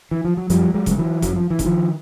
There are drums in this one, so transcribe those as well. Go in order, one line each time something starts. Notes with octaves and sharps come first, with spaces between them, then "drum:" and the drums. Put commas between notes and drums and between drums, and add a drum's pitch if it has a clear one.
E3
F3
F#3
F#2 F3 G3, drum: hi-hat
F#3 G#3
C#3, drum: kick G1, hi-hat
G3
E3 F#3
F#2 F#3, drum: kick G1, hi-hat
F3
E3
C#3, drum: kick G1, hi-hat
D#3 F3